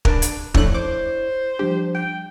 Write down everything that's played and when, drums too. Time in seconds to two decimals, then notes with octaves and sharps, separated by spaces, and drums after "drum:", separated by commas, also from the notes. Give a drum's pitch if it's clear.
0.05 D4 A#4 B4 A5, drum: kick
0.22 drum: hi-hat
0.54 F2 A3 D4 E4 C#5 D5 F#6, drum: kick
0.74 C5 D6
1.59 F3 G3 D4 G4
1.94 G5